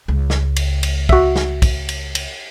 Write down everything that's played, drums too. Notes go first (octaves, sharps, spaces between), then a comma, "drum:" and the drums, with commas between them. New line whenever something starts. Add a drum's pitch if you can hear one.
C#2
drum: snare
drum: cymbal
drum: cymbal
F#4 E5, drum: kick
drum: snare
drum: kick, cymbal
drum: cymbal
drum: cymbal